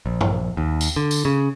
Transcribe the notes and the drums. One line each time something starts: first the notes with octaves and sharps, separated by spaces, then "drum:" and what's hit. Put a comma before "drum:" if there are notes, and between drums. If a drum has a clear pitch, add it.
A#1
drum: tom
D#2
drum: tambourine
D3
drum: tambourine
C#3